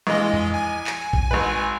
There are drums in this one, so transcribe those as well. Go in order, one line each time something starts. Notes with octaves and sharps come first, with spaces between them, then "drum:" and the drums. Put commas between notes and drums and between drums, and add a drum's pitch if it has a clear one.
A#1 E3 G#3 D#5
drum: tom E2
G#5
drum: clap
drum: kick
G#1 B4